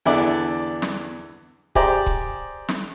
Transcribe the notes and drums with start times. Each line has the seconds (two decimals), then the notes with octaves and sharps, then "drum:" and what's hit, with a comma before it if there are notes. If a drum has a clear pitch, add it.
0.06 E2 D3 E3 D4 D5
0.82 drum: snare
1.75 G4 G#4 C5 D5 A#5, drum: kick C#1
2.06 drum: kick C#1
2.69 drum: snare